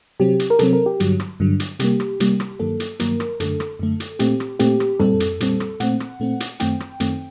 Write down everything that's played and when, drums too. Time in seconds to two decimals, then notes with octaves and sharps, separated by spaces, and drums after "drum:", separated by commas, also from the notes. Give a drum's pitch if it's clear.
0.20 C3 F#3 C4 G4
0.39 drum: hi-hat
0.50 A#4
0.59 C3 F#3 C4 A4, drum: hi-hat
0.73 A#4
0.86 G4
1.00 G2 D3 F#3, drum: hi-hat
1.20 drum: rim click
1.40 G2 D3 F#3
1.60 drum: hi-hat
1.79 C3 G3 A#3 G4, drum: hi-hat
2.00 drum: rim click
2.20 C3 G3 A#3, drum: hi-hat
2.40 drum: rim click
2.60 G2 D#3 F#3 A#3 A4
2.80 drum: hi-hat
3.00 G2 D#3 F#3 A#3 A#4, drum: hi-hat
3.20 drum: rim click
3.40 F#2 D3 A3 A4, drum: hi-hat
3.60 drum: rim click
3.79 F#2 D3 A3
4.00 drum: hi-hat
4.19 A#2 A3 C4 G4, drum: hi-hat
4.40 drum: rim click
4.59 A#2 A3 C4 G4, drum: hi-hat
4.80 drum: rim click
5.00 A#2 G3 C4 A4, drum: tom
5.20 drum: hi-hat
5.40 A#2 G3 C4, drum: hi-hat
5.60 drum: rim click
5.80 A#2 A3 C4 F#5, drum: hi-hat
6.00 drum: rim click
6.20 A#2 A3 C4
6.40 drum: hi-hat
6.60 F#2 D#3 A3 C4 G5, drum: hi-hat
6.80 drum: rim click
7.00 F#2 D#3 A3 C4, drum: hi-hat